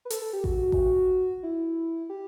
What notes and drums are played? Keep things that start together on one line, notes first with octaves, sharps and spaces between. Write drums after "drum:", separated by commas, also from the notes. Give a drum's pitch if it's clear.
B4
A4, drum: hi-hat
A4
G4
F#4, drum: kick A1
drum: kick A1
E4
G4